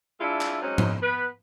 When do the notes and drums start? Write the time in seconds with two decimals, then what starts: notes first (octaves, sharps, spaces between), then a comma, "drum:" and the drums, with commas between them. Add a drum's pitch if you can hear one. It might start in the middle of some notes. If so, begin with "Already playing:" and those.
0.20 G#3 D4 E4 F4 E5
0.41 drum: clap
0.62 F#3 G#3 C4 C#4 D#4
0.78 drum: tom
1.02 B3 B4